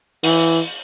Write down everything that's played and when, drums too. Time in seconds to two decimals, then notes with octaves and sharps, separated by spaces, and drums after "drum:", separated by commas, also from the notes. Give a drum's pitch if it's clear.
0.24 E3, drum: open hi-hat